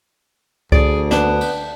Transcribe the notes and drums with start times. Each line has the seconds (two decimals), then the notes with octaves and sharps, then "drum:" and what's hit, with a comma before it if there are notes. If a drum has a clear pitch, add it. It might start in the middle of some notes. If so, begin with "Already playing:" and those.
0.72 D2 G#4 D5, drum: kick C#2
1.11 B3 D4, drum: snare
1.41 drum: cymbal